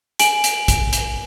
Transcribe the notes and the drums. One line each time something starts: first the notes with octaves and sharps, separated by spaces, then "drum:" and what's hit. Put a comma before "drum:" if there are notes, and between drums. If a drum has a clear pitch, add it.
G#5 D7 F#7, drum: hi-hat
drum: hi-hat
drum: kick A#1, hi-hat
drum: hi-hat